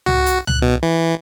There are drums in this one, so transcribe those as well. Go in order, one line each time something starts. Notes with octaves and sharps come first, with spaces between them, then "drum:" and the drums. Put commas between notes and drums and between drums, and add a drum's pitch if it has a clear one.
F#4, drum: tom C#2
drum: hi-hat
F#6, drum: tom C#2
B2
E3